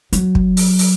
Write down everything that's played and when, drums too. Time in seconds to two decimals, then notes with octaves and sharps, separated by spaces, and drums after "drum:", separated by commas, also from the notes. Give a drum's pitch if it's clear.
0.13 F#3, drum: hi-hat
0.35 drum: kick
0.57 drum: open hi-hat
0.79 drum: open hi-hat